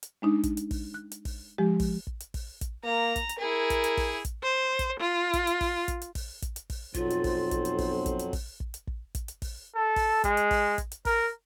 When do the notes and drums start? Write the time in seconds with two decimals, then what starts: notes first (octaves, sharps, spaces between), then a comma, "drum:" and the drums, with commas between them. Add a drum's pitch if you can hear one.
0.03 drum: hi-hat
0.22 G#3 D4 D#4
0.43 drum: kick, hi-hat
0.57 drum: hi-hat
0.71 drum: kick, open hi-hat
0.94 F#6
1.12 drum: hi-hat
1.25 drum: kick, open hi-hat
1.58 F3 G#3 G4
1.80 drum: kick, open hi-hat
2.07 drum: kick
2.20 drum: hi-hat
2.34 drum: kick, open hi-hat
2.61 drum: kick, hi-hat
2.84 A#3 A#5
3.16 drum: kick, hi-hat
3.29 drum: hi-hat
3.39 E4 G#4 A#4
3.70 drum: kick, hi-hat
3.84 drum: hi-hat
3.97 drum: kick, open hi-hat
4.25 drum: kick, hi-hat
4.43 C5
4.79 drum: kick, hi-hat
5.00 F4
5.33 drum: kick, hi-hat
5.47 drum: hi-hat
5.61 drum: kick, open hi-hat
5.88 drum: kick, hi-hat
6.02 drum: hi-hat
6.15 drum: kick, open hi-hat
6.42 drum: kick, hi-hat
6.56 drum: hi-hat
6.70 drum: kick, open hi-hat
6.94 B1 F2 F#3 F4 C5, drum: kick, hi-hat
7.10 drum: hi-hat
7.24 drum: kick, open hi-hat
7.51 drum: kick, hi-hat
7.65 drum: hi-hat
7.78 drum: kick, open hi-hat
8.06 drum: kick, hi-hat
8.19 drum: hi-hat
8.33 drum: kick, open hi-hat
8.60 drum: kick
8.74 drum: hi-hat
8.87 drum: kick
9.15 drum: kick, hi-hat
9.28 drum: hi-hat
9.42 drum: kick, open hi-hat
9.76 A4
9.96 drum: kick, open hi-hat
10.24 G#3, drum: kick, hi-hat
10.37 drum: hi-hat
10.51 drum: kick, open hi-hat
10.78 drum: kick, hi-hat
10.92 drum: hi-hat
11.05 A#4, drum: kick, open hi-hat